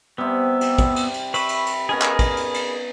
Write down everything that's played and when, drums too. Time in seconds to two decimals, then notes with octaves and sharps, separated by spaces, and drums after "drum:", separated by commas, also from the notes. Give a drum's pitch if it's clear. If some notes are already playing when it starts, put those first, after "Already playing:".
0.18 C3 G3 B3 E6
0.61 G4, drum: cymbal
0.78 drum: kick, cymbal
0.96 drum: cymbal
1.14 drum: cymbal
1.34 B4 E5 B5 C#6, drum: cymbal
1.49 drum: cymbal
1.66 drum: cymbal
1.89 B3 C#4 D#4 G#4 A#4 B5
2.02 drum: clap
2.19 drum: kick, cymbal
2.37 drum: cymbal
2.54 drum: cymbal